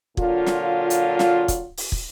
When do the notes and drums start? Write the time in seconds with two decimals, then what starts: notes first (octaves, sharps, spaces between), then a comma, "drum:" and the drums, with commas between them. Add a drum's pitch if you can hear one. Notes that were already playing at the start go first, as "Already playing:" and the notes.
0.17 A#2 D3 F#3 F4, drum: kick
0.46 drum: snare
0.90 drum: hi-hat
1.19 drum: snare
1.48 drum: kick, hi-hat
1.77 drum: open hi-hat
1.92 drum: kick